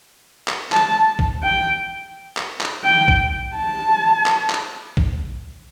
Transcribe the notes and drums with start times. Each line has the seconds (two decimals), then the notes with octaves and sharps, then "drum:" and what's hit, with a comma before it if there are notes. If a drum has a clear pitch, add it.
0.48 drum: clap
0.72 A5, drum: clap
1.19 drum: kick A#1
1.43 G5
2.37 drum: clap
2.61 drum: clap
2.84 G5
3.08 drum: kick A#1
3.56 A5
4.26 drum: clap
4.50 drum: clap
4.97 drum: kick A#1